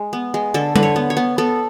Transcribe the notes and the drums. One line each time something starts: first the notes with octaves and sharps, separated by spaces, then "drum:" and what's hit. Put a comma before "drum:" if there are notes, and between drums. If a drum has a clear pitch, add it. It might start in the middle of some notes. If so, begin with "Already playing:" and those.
Already playing: G#3
B3
G#3
D3 A4
D3 B4, drum: tom G3
C#5
B3
C#5
B3
B3 A4